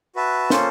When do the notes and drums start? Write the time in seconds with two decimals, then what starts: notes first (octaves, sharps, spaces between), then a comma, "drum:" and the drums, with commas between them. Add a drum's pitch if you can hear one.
0.15 F#4 B4 E5 A5
0.50 A#3 C#4 F4 A4 C5, drum: snare